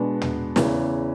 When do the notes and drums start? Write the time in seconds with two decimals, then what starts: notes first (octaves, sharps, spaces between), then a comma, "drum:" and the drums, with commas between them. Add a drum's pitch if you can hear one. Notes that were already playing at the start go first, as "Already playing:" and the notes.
Already playing: B2 G#3 B3 D4
0.22 drum: tom
0.56 E2 C#3 E3, drum: snare